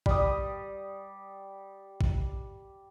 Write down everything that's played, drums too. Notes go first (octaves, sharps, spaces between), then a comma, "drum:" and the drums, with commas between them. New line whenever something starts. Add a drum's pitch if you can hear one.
G3 D#6, drum: kick
drum: kick